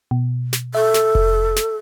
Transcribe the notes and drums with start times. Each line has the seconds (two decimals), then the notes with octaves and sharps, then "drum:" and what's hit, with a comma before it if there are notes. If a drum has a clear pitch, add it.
0.11 B2
0.53 drum: snare
0.75 A4 E5
0.94 drum: snare
1.15 drum: kick F1
1.56 drum: snare